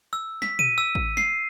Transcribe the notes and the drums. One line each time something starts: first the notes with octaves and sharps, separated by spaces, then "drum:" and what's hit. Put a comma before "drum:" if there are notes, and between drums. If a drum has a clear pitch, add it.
E6
B6, drum: snare
D#7, drum: tom A#2
E6
drum: kick
C7, drum: snare